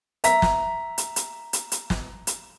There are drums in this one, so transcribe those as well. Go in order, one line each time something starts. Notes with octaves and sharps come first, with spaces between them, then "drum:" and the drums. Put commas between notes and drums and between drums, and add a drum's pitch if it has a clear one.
E5 A#5 B6, drum: hi-hat
drum: snare
drum: hi-hat
drum: hi-hat
drum: hi-hat
drum: hi-hat
drum: snare
drum: hi-hat